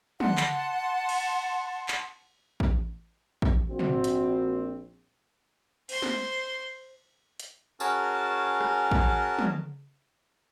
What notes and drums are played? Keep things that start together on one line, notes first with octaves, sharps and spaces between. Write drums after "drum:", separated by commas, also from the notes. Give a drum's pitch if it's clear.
F#5 A5 C6, drum: tom
drum: clap
drum: cymbal
drum: clap
drum: kick A1
drum: kick A1
A#1 C4 F#4
drum: tom
drum: hi-hat
C5 C6, drum: cymbal
drum: snare
drum: hi-hat
C#4 F#4 G#4 A#4 A5, drum: tambourine
drum: rim click
drum: kick A1
drum: tom